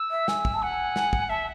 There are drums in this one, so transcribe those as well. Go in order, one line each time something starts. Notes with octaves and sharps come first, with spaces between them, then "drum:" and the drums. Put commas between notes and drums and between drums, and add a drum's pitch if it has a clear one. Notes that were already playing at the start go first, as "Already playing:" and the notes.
Already playing: E6
E5
G#5, drum: snare
drum: kick
A5
F#5 G#5
drum: snare
drum: kick
E5 A5